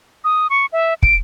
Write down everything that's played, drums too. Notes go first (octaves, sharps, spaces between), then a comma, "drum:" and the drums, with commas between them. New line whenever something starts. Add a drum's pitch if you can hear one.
D#6
C#6
E5
D7, drum: kick